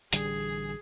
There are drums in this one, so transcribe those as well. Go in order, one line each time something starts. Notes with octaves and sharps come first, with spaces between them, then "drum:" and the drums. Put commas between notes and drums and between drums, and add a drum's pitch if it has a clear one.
A1 D3 G3 G#4, drum: hi-hat